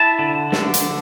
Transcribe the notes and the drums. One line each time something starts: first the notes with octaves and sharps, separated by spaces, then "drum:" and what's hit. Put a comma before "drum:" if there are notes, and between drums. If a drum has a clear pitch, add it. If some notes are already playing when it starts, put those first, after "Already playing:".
Already playing: E4 A5
D3
D3, drum: snare
drum: hi-hat